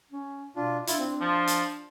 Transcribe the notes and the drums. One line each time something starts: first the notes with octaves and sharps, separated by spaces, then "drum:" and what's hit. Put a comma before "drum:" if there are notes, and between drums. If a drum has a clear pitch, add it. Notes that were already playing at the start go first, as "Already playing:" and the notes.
C#4
B2 D4 F4
D4 E4 F4, drum: hi-hat
C4
F3 A5
drum: hi-hat